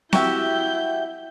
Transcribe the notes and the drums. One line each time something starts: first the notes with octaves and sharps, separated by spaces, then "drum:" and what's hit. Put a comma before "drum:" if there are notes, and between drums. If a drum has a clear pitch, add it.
E4 F#4 G4 E5 G6, drum: snare C4